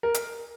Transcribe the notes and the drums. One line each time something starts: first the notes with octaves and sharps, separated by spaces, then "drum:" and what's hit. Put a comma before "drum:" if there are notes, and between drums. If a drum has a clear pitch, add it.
A#4
drum: hi-hat